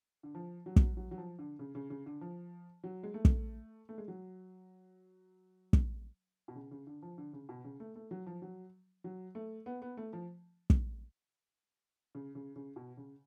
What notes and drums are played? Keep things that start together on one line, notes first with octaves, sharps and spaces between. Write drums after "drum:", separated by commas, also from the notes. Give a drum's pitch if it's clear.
D3
F3
F#3
drum: kick
F#3
F#3
F3
D3
C#3
C#3
C#3
D3
F3
F#3
G#3
A3
drum: kick
A3
G#3
F#3
drum: kick
B2
C#3
C#3
D3
F3
D3
C#3
B2
C#3
A3
A3
F#3
F3
F#3
F#3
A3
B3
B3
A3
F3
drum: kick
C#3
C#3
C#3
B2
C#3